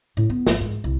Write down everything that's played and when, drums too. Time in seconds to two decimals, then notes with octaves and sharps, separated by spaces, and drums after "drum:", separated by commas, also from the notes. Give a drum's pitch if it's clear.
0.17 A2
0.30 B3
0.47 G#1, drum: snare
0.61 G#2
0.84 C2